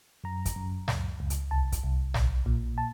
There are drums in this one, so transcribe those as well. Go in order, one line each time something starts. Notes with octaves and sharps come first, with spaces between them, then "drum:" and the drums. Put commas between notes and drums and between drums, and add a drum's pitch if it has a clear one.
F#2 A#5
drum: kick, hi-hat
F#2
C#2, drum: snare
C#2
drum: hi-hat
C2 A5
drum: kick, hi-hat
C2
A#1, drum: snare
A#2
A5